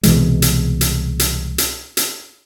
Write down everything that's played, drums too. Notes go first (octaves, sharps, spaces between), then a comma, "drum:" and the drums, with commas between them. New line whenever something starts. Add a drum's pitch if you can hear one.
C2 B2 E3 G#3, drum: hi-hat
drum: hi-hat
drum: hi-hat
drum: hi-hat
drum: hi-hat
drum: hi-hat